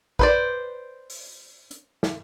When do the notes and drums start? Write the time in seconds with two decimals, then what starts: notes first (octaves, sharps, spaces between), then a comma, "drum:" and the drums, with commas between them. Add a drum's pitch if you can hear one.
0.19 B4 C5 D5, drum: kick
1.10 drum: open hi-hat
1.71 drum: hi-hat
2.03 drum: snare